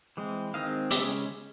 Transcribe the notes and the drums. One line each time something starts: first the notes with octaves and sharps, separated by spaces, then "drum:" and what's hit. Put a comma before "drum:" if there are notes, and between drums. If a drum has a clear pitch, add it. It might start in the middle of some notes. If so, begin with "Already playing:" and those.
E3 G#3 C4
D#3 G#3 C4 D#5 F5
C#3 F3 G#3 C#4 D5 E5, drum: hi-hat